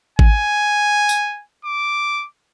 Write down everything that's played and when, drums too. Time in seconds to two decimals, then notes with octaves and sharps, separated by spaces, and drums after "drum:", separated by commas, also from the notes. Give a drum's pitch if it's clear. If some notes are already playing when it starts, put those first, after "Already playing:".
0.19 G#5, drum: kick G#1
1.09 drum: tambourine
1.65 D6